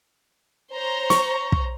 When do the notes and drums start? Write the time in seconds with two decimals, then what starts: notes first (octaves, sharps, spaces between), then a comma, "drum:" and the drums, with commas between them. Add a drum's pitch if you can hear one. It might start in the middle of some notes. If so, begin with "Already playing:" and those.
0.74 C5 C#5 A#5
1.10 C#6, drum: snare
1.52 drum: kick